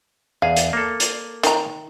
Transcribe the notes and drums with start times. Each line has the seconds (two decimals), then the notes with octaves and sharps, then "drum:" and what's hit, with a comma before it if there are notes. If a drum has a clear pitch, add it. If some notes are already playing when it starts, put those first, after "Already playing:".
0.42 E2 G#4 F5
0.56 drum: hi-hat
0.73 A#3 A4
1.00 drum: hi-hat
1.43 D#3 A#5, drum: hi-hat